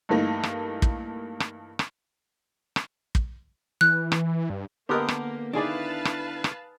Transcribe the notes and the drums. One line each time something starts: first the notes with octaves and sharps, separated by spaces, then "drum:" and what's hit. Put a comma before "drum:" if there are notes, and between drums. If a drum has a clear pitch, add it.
G2 E3 A3 A#3 D#4
drum: rim click
drum: kick
drum: rim click
drum: rim click
drum: rim click
drum: kick
E3 F#6
drum: rim click
G2
D3 A#3 B3 G4 A#4 D#5
drum: rim click
D#3 D4 E4 G#4 B4 D5 F5 A5
drum: rim click
drum: rim click